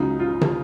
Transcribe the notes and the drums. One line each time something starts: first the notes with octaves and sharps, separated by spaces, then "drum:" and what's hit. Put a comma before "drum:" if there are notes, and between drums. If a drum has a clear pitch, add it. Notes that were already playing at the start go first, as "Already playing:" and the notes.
Already playing: C#2 C#3 F#3 D#4
F4
drum: tom